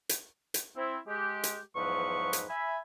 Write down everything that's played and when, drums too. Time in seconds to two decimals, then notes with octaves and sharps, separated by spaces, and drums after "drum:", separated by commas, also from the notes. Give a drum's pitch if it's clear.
0.09 drum: hi-hat
0.54 drum: hi-hat
0.76 C4 E4
1.07 G#3 G4
1.44 drum: hi-hat
1.76 E2 G#2 F3 F#3 B4 C#6
2.33 drum: hi-hat
2.50 E5 G#5 B5